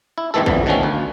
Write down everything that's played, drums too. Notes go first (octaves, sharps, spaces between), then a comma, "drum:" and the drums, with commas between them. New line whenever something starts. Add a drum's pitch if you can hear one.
E4
G#1 E2 D#3 E3 A3 A4
A#1 F2 D3 E3, drum: kick
B2 D3 D#3 F3 A3 C#4
D2